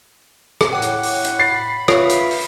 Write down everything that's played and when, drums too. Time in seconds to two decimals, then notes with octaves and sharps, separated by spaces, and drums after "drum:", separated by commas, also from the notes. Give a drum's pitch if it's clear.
0.61 drum: rim click
0.72 A2 C#5 F#5 G5 D6
0.82 drum: hi-hat
1.03 drum: open hi-hat
1.24 drum: hi-hat
1.39 B5 A6 C7
1.88 F4 B4 C#5 E5 F5 C7, drum: rim click
2.09 drum: hi-hat
2.31 drum: open hi-hat